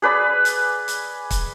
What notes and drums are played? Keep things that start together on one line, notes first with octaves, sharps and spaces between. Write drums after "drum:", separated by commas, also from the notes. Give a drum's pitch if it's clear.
G#4 B4 D5 B5
drum: hi-hat
drum: hi-hat
drum: kick, hi-hat